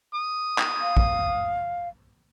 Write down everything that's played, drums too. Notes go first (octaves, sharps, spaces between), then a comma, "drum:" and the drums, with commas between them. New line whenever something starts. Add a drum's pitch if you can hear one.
D#6
drum: clap
F5
drum: kick